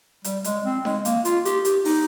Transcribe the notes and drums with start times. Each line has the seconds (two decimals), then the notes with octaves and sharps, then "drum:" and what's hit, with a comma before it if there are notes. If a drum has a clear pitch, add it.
0.24 G3, drum: hi-hat
0.44 G#3, drum: hi-hat
0.65 C4
0.85 G#3, drum: snare D#4
1.05 A#3, drum: hi-hat
1.25 F4, drum: hi-hat
1.45 G4, drum: hi-hat
1.65 G4, drum: hi-hat
1.85 D#4, drum: open hi-hat